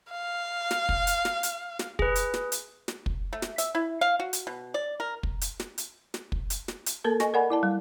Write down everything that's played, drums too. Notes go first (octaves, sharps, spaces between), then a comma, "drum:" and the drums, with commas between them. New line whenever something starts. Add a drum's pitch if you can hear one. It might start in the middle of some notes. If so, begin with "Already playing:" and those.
F5
drum: snare
drum: kick
drum: hi-hat
drum: snare
drum: hi-hat
drum: snare
G#4 B4, drum: kick
drum: hi-hat
drum: snare
drum: hi-hat
drum: snare
drum: kick
A3
drum: snare
E5, drum: hi-hat
E4
F5
F#4
drum: hi-hat
B2
D5
A#4
drum: kick
drum: hi-hat
drum: snare
drum: hi-hat
drum: snare
drum: kick
drum: hi-hat
drum: snare
drum: hi-hat
A#3 A4 A#4 A5
D#5 G#5 C#6 A#6, drum: snare
A#4 D5 F#5 G#5 B5
E4 D5 A5
G3